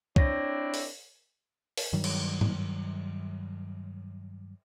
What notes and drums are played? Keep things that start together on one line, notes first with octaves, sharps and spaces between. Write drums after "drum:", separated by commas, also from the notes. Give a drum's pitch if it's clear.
C4 D4 E4 C#5 A#6, drum: kick
drum: open hi-hat
drum: open hi-hat
G2 D#3 F#3 G3
drum: cymbal
drum: tom G#2